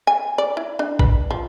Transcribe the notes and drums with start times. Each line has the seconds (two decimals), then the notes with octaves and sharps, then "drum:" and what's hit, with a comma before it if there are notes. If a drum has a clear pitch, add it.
0.07 G#5
0.38 D5
0.57 E4
0.79 D4
0.99 B4, drum: kick A#1
1.31 F3